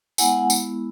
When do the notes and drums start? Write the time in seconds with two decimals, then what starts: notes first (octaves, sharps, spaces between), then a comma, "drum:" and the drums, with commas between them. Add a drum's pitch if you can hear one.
0.18 G#3 B3 E4 F#5 G#5, drum: tambourine
0.50 drum: tambourine